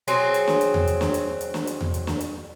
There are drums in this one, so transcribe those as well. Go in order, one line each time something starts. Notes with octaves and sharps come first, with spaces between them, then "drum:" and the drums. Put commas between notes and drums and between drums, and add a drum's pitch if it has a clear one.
F#3 C4 G#4, drum: hi-hat
drum: hi-hat
drum: snare
drum: hi-hat
drum: tom E2
drum: hi-hat
drum: snare
drum: hi-hat
drum: hi-hat
drum: snare
drum: hi-hat
drum: tom E2
drum: hi-hat
drum: snare
drum: hi-hat